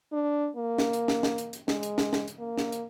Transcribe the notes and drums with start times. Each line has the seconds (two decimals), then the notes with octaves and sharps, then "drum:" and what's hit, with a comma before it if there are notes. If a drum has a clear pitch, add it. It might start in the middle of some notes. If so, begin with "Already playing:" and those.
0.12 D4
0.57 A#3
0.78 drum: snare
0.93 drum: hi-hat
1.08 drum: snare
1.23 drum: snare
1.38 drum: hi-hat
1.53 drum: hi-hat
1.68 G#3, drum: snare
1.83 drum: hi-hat
1.98 drum: snare
2.13 drum: snare
2.28 drum: hi-hat
2.39 A#3
2.58 drum: snare
2.72 drum: hi-hat